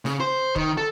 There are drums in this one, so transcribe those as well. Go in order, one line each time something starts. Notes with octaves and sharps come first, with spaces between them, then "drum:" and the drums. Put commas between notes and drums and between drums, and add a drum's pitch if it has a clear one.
C#3, drum: snare
C5
D#3, drum: kick C#1
A4